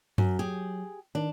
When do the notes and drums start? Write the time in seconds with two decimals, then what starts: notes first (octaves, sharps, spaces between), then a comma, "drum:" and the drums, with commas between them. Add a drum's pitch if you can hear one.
0.18 F#2 F#3, drum: tom F#2
0.39 G4 G#4
1.15 D#3 D4